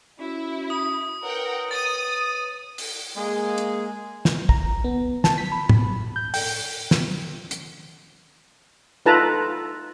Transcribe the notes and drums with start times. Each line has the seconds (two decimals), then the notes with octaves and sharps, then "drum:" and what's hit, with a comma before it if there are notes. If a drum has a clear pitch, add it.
0.19 C#4 E4 F#4 C#5
0.70 D#6
1.22 A#4 B4 C#5 F#5 G5
1.71 B4 C#5 D#6 A6 D#7
2.78 drum: open hi-hat
3.16 G#3 A#3 G#4
3.58 drum: hi-hat
4.25 drum: snare
4.49 A#5, drum: kick
4.84 B3
5.24 A5, drum: snare
5.38 B6
5.52 B5
5.69 drum: tom
6.16 G6
6.34 G5, drum: open hi-hat
6.91 drum: snare
7.51 drum: hi-hat
9.06 D#4 F4 A4 B4 A5 A#5